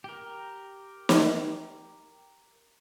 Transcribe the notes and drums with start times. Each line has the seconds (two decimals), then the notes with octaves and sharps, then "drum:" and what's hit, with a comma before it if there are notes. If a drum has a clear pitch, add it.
0.04 G4 A#4
1.09 drum: snare